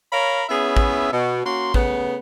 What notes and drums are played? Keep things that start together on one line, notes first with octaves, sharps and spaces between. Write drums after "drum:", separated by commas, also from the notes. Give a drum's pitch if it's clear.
A#4 C#5 F5 A#5 B5
B3 C#4 E4 G#4 E5
drum: kick A1
B2
A#3 C#4 F#4 C6
C#3 A3 B3, drum: kick A1